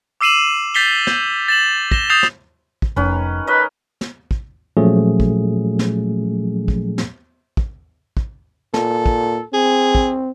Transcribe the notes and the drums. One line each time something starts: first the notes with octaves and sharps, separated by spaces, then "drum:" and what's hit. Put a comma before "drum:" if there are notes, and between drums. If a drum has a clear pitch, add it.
D6 E6 C7 D#7 E7 F#7
G6 A6 B6 C7 F7 G7
G6, drum: snare
A6 E7 F#7
A#6 E7 G7, drum: kick
D#6 G6 A6 C7 E7 F7
drum: snare
drum: kick
F1 D#3 C#4 B4
A#4 B4 C#5 D#5
drum: snare
drum: kick
A#2 F3 F#3 A3 C#4 G#4
drum: kick
drum: snare
drum: kick
drum: snare
drum: kick
drum: kick
A#2 A4, drum: snare
drum: kick
C4 G#4
drum: kick